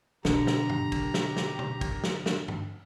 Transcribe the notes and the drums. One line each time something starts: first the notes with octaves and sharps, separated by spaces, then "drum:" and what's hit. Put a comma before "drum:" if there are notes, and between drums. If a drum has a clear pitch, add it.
B2 D3 F#3 G4 A#5, drum: snare
drum: snare
drum: tom
drum: kick, cymbal
drum: snare
drum: snare
drum: tom
drum: kick, cymbal
drum: snare
drum: snare
drum: tom